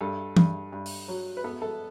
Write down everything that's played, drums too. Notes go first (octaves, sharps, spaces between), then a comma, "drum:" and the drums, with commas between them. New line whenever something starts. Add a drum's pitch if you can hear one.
G2 A4
G2, drum: tom
G2
drum: open hi-hat
F#3
B4
B3 A4
A4